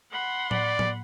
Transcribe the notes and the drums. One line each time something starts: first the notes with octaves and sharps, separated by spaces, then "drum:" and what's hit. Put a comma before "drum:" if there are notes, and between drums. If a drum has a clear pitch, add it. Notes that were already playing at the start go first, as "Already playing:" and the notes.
F#5 B5 C6
D5, drum: tom A2
drum: tom A2